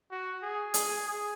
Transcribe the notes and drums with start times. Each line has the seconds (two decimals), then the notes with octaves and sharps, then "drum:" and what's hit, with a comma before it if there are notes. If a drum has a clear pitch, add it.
0.11 F#4
0.42 G#4
0.74 G#4, drum: hi-hat
1.05 G#4